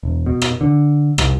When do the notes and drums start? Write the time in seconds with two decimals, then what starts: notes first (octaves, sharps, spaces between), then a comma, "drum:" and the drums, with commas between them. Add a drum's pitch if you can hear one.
0.03 E1
0.26 B2
0.42 drum: rim click
0.61 D3
1.18 C2, drum: rim click